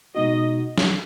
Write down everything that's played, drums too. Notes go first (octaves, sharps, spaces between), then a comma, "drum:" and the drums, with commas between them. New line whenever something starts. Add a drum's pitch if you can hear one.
B2 G#3 B3 D#4 F#4 D#5
drum: snare